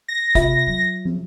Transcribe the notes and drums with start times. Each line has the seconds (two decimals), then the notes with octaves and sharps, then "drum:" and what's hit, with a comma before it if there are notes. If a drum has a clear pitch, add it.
0.08 A#6
0.35 C3 B3 F4 E5, drum: kick, hi-hat
0.67 F#3
1.05 drum: tom